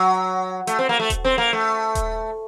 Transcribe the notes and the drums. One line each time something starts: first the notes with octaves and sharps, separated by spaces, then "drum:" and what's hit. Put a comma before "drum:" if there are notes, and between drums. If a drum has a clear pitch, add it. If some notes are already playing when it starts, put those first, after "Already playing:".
Already playing: F#3
A3, drum: hi-hat
C4
A#3
A3
drum: kick D#1, hi-hat
C4
A#3
A3
drum: kick D#1, hi-hat